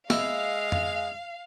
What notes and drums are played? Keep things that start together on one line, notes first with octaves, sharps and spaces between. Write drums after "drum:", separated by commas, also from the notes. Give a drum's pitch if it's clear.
G#3 E4 F5, drum: snare
drum: tom F2